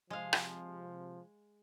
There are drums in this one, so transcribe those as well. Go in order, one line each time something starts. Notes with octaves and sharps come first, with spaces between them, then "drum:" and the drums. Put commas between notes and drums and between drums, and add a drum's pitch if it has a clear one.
C3 F3 G#3 F5
drum: rim click